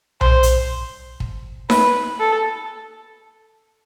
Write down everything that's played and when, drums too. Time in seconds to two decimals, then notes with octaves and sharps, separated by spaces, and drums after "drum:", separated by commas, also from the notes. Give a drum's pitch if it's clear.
0.21 C5, drum: tom B1
0.43 drum: hi-hat
1.20 drum: kick
1.70 B4, drum: snare D#4
2.20 A4